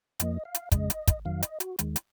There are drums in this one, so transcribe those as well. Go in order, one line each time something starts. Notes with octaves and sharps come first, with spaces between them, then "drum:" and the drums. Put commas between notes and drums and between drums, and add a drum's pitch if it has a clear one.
F2 F3 A#3 D#5, drum: hi-hat
F5
drum: hi-hat
F2 C#3 G#3 D#5, drum: kick, hi-hat
drum: hi-hat
drum: kick, hi-hat
F2 D#3 F#3 F5
D#5, drum: hi-hat
F#4, drum: hi-hat
D#2 D#3 G#3, drum: hi-hat
drum: hi-hat